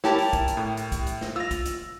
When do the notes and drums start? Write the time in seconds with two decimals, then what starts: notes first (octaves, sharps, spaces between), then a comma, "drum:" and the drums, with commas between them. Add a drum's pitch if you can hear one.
0.04 E4 G4 A#4 C#5 A5, drum: snare
0.18 drum: open hi-hat
0.33 drum: kick, hi-hat
0.48 drum: hi-hat
0.57 A2
0.77 drum: hi-hat
0.92 drum: kick, hi-hat
1.07 drum: hi-hat
1.21 drum: snare
1.36 F4 E6 A#6
1.51 drum: kick, hi-hat
1.66 drum: hi-hat